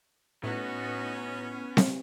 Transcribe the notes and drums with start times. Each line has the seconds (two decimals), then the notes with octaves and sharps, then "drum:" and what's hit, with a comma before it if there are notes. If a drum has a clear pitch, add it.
0.43 A2 B3 C#4 D#4 F#4
1.77 drum: snare C4